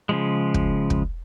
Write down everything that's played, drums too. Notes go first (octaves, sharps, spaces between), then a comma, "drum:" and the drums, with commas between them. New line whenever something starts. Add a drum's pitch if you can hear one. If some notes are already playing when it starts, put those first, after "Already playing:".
C#3 F3 G#3
drum: kick
drum: kick